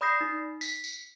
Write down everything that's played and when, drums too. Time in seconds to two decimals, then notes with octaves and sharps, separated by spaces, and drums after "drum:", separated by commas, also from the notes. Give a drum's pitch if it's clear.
0.01 D5 B5 D#6 G6 A#6 C7
0.21 D#4
0.61 B6, drum: tambourine
0.84 drum: tambourine